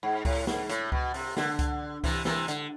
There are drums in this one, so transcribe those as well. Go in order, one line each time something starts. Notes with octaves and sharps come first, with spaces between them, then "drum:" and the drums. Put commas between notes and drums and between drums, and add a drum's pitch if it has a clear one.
G#2
A2, drum: kick C#2, open hi-hat
G#2, drum: snare
A2, drum: hi-hat
B2, drum: kick C#2
C3, drum: open hi-hat
D3, drum: snare
drum: kick C#2, hi-hat
C3 E3, drum: kick C#2, open hi-hat
C3 E3, drum: snare
D3, drum: hi-hat